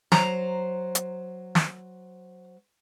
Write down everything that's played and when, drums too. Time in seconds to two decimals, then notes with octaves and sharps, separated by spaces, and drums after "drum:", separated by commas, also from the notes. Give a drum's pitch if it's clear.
0.12 F#3 C5 A#5, drum: snare
0.95 drum: hi-hat
1.55 drum: snare